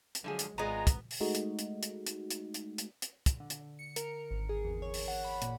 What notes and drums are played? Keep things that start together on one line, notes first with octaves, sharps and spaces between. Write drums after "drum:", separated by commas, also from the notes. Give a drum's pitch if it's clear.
drum: hi-hat
D3 F3 F#3 G#3 G#4
drum: hi-hat
G#1 G#3 B3 F4 A#5
drum: kick, hi-hat
drum: open hi-hat
G#3 A3 D#4 F#4
drum: hi-hat
drum: hi-hat
drum: hi-hat
drum: hi-hat
drum: hi-hat
drum: hi-hat
drum: hi-hat
drum: hi-hat
drum: kick, hi-hat
D3
drum: hi-hat
C#7
A#4, drum: hi-hat
G#1
G#4
E2
C#5
drum: open hi-hat
F#5
B5
A#2, drum: hi-hat